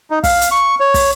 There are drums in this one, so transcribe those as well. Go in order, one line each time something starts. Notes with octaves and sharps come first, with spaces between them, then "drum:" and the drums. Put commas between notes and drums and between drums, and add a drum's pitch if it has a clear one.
D#4
F5, drum: kick, open hi-hat
drum: hi-hat
C#6
C#5
drum: kick, open hi-hat